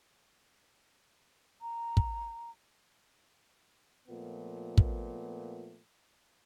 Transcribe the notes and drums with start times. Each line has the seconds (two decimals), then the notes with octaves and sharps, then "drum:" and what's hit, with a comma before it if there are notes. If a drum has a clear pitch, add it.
1.62 A#5
1.97 drum: kick
4.08 A#2 F3 A3 B3
4.78 drum: kick